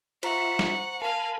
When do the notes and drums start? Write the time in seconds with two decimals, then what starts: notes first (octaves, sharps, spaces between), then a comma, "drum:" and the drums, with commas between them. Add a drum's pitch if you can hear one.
0.23 F4 C5 E5 F#5 A#5 C#6, drum: cymbal
0.59 drum: snare
1.02 A#4 F5 G#5 A5 B5